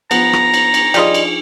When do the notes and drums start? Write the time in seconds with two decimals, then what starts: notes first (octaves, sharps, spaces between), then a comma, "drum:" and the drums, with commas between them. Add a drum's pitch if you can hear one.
0.11 F3 B3 A#5, drum: cymbal
0.33 drum: rim click
0.54 drum: cymbal
0.74 drum: cymbal
0.94 F3 G3 F4 G#4 D#5, drum: cymbal
1.14 drum: cymbal